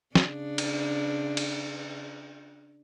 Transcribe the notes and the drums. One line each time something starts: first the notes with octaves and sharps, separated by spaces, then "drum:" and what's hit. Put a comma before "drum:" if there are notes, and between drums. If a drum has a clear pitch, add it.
C#3 D4, drum: snare
drum: cymbal
drum: cymbal